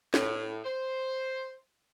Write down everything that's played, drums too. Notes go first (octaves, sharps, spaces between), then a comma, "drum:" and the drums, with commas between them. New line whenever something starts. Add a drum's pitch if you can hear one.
A2, drum: snare
C5